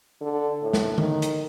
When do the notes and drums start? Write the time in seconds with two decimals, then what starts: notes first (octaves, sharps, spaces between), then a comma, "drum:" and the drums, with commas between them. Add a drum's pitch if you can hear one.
0.21 D3
0.62 A2
0.73 drum: snare
0.98 D#3, drum: tom D3
1.22 drum: hi-hat